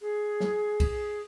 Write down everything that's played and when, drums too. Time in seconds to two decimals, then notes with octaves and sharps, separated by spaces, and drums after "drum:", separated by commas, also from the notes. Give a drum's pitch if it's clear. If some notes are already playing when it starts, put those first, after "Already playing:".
0.01 G#4
0.40 drum: snare
0.80 drum: kick B1, cymbal